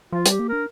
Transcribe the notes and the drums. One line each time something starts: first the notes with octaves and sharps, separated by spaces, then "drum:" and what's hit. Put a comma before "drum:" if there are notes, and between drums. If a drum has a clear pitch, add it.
F3 F4
G3 G4, drum: hi-hat
A#3
D4 A#4